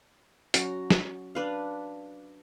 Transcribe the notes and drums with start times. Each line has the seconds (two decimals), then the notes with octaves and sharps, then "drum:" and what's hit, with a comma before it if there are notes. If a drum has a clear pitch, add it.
0.54 F#3 C#4 F#4 A#5, drum: hi-hat
0.91 drum: snare
1.35 D4 B4 F5